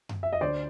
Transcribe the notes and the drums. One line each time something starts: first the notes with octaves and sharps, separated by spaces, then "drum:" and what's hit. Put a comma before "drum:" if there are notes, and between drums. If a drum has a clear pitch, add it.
drum: tom F#2
E5
D#5
D2 C5 D5